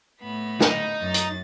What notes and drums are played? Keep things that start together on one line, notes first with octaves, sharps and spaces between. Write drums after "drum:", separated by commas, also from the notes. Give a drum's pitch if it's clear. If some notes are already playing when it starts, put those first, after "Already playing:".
A2 B3 B5
D#4, drum: snare
F#2 A6
drum: hi-hat